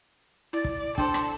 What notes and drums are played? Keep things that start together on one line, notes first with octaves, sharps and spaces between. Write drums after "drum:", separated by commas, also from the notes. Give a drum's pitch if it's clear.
E4 D5 A6
drum: kick
D4 A4 C5 D5 G5, drum: kick
drum: rim click